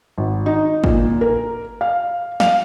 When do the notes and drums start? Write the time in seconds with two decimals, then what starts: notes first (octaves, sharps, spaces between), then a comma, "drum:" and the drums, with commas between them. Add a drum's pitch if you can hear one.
0.18 G#1
0.46 D#4
0.84 A#2, drum: kick
1.21 A#4
1.81 F5
2.40 F5, drum: snare